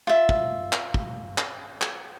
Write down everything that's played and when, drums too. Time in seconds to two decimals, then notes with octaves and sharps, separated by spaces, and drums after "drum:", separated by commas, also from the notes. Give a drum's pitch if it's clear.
0.07 F4 E5
0.29 drum: kick
0.73 drum: clap
0.94 drum: kick
1.38 drum: clap
1.82 drum: clap